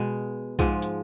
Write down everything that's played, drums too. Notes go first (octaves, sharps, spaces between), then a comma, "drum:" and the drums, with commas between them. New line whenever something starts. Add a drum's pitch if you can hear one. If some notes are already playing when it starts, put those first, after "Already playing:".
Already playing: B2 G#3
G#2 F3 G#3, drum: kick B1, hi-hat
drum: hi-hat